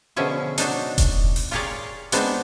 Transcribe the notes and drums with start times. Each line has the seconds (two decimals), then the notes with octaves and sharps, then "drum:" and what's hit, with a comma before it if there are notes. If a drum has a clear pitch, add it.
0.16 B2 D3 F3 C#4 G#4 E5
0.58 F#3 D4 D#4, drum: hi-hat
0.98 drum: kick E1, hi-hat
1.36 drum: open hi-hat
1.51 F4 G4 G#4 A#4 C#5 D5
2.12 G#3 B3 C4 D4 D#4 D#5, drum: hi-hat